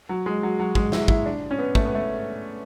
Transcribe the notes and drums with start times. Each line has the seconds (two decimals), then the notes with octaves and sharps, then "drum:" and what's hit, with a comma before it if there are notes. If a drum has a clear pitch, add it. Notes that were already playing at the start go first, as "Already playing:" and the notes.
0.09 F#3
0.26 G#3
0.43 F#3
0.60 F#3
0.75 G#3, drum: kick
0.92 E4, drum: snare
1.08 E4, drum: kick
1.26 D4
1.51 C#4
1.58 B3
1.75 A3, drum: kick
1.85 B3
1.95 A3